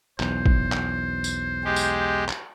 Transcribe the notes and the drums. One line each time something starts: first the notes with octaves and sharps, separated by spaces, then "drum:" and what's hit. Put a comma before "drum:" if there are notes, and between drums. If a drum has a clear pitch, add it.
B1 E2 C5, drum: clap
drum: kick A1
drum: clap
drum: tambourine
G#3 G4
drum: tambourine
drum: clap